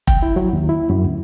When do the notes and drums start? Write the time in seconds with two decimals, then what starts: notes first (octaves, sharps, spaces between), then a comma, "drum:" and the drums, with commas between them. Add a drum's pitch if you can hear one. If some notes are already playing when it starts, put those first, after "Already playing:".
0.07 G5, drum: kick F1
0.23 E4
0.36 F#3
0.53 D#2
0.69 E4
0.90 F#2
1.05 D2